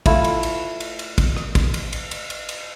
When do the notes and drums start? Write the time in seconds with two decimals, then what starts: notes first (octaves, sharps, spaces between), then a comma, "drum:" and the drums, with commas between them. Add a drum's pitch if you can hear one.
0.06 A3 E4 F4, drum: kick, cymbal
0.24 drum: cymbal
0.43 drum: cymbal
0.80 drum: cymbal
0.99 drum: cymbal
1.18 drum: kick, cymbal
1.37 drum: rim click
1.55 drum: kick, cymbal
1.74 drum: cymbal
1.93 drum: cymbal
2.11 drum: cymbal
2.30 drum: cymbal
2.49 drum: cymbal